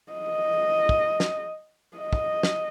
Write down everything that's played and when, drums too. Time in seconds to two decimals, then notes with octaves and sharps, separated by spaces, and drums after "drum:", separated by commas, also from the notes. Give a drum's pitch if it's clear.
0.12 D#5
0.89 drum: kick
1.20 drum: snare
1.97 D#5
2.13 drum: kick
2.43 drum: snare